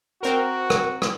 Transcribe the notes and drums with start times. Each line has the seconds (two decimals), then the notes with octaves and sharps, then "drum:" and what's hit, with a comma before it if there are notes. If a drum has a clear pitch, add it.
0.23 C4 F#4 A#4
0.70 drum: rim click
1.02 drum: rim click